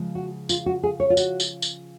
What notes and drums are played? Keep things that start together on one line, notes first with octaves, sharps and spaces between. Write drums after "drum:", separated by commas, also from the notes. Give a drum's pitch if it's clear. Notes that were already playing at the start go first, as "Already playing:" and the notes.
Already playing: C#3 F3 G#3
F#4
F4, drum: tambourine
F#4
G#4
C#5
F4
F#4, drum: tambourine
drum: tambourine
drum: tambourine